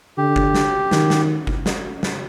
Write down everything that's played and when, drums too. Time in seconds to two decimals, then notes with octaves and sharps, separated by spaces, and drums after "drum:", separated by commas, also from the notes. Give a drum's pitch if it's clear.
0.18 D3 G4
0.36 drum: kick G1
0.55 drum: snare
0.91 D#3, drum: snare
1.10 drum: snare
1.47 drum: kick G1
1.66 drum: snare
2.03 drum: snare